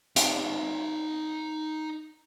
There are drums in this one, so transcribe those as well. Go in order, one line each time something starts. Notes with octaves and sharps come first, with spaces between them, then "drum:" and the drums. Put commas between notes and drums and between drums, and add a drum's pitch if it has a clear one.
D#4 A5, drum: hi-hat